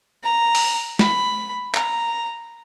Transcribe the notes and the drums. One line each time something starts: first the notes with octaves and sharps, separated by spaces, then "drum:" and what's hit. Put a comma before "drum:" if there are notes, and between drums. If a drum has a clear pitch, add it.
A#5
drum: open hi-hat
B5, drum: snare
A#5, drum: clap